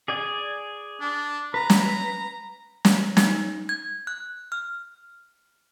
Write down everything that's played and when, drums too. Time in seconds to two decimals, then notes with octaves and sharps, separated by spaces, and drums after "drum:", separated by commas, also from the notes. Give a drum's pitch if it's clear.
0.08 G#4 D5 G#5
1.01 D4
1.54 B4 A#5
1.70 drum: snare
2.85 drum: snare
3.17 D#4, drum: snare
3.69 G#6
4.07 F#6
4.52 F6